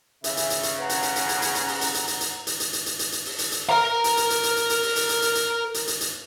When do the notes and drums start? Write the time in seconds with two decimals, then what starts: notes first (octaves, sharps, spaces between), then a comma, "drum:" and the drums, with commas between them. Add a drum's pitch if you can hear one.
0.24 C#3 E5, drum: hi-hat
0.37 drum: hi-hat
0.50 drum: hi-hat
0.63 drum: hi-hat
0.80 B4 F#5 A#5
0.89 drum: hi-hat
1.03 drum: hi-hat
1.16 drum: hi-hat
1.29 drum: hi-hat
1.42 drum: hi-hat
1.55 drum: hi-hat
1.68 drum: open hi-hat
1.81 drum: hi-hat
1.94 drum: hi-hat
2.07 drum: hi-hat
2.21 drum: hi-hat
2.47 drum: hi-hat
2.60 drum: hi-hat
2.73 drum: hi-hat
2.86 drum: hi-hat
2.99 drum: hi-hat
3.12 drum: hi-hat
3.25 drum: open hi-hat
3.38 drum: hi-hat
3.52 drum: hi-hat
3.69 A#4 A#5
4.04 drum: hi-hat
4.17 drum: hi-hat
4.30 drum: hi-hat
4.43 drum: hi-hat
4.56 drum: hi-hat
4.70 drum: hi-hat
4.83 drum: open hi-hat
4.96 drum: hi-hat
5.09 drum: hi-hat
5.22 drum: hi-hat
5.35 drum: hi-hat
5.74 drum: hi-hat
5.88 drum: hi-hat
6.01 drum: hi-hat